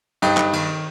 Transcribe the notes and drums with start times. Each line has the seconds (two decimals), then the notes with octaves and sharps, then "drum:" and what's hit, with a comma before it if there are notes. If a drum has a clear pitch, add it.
0.22 G2 D#4 G4, drum: cymbal
0.37 G2, drum: clap
0.53 D#3, drum: cymbal